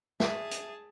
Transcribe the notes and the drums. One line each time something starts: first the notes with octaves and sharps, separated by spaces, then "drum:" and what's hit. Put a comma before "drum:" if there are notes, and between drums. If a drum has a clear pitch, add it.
G#4 E5 A5, drum: snare
drum: hi-hat